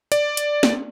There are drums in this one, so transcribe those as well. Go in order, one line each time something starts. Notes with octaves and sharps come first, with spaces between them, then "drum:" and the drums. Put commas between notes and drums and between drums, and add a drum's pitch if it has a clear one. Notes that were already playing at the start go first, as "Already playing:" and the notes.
D5, drum: hi-hat
drum: hi-hat
drum: snare